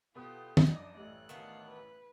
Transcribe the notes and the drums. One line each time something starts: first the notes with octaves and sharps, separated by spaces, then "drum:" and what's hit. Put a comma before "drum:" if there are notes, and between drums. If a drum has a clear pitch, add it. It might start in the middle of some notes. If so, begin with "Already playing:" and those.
B2 B3 F4 G4 A4 C5 D#6
drum: tom
F#2 F3 D4 D5 D#5
A1 G3 A3 F#6
D#3 B3 D4 F5
B4